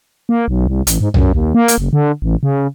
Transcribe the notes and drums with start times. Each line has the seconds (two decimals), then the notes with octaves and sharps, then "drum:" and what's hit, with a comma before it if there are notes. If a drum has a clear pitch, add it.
0.29 A#3
0.48 B1
0.67 C2
0.87 A1, drum: hi-hat
1.01 G#2
1.14 F#2, drum: tom
1.33 D#2
1.55 A#3
1.68 drum: hi-hat
1.78 F#1
1.93 D3
2.22 A1
2.43 C#3